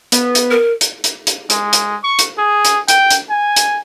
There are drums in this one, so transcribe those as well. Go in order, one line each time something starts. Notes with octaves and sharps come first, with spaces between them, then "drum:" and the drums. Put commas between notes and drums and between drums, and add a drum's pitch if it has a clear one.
B3, drum: hi-hat
drum: hi-hat
A#4
drum: hi-hat
drum: hi-hat
drum: hi-hat
G#3, drum: hi-hat
drum: hi-hat
C#6
drum: hi-hat
G#4
drum: hi-hat
G5, drum: hi-hat
drum: hi-hat
G#5
drum: hi-hat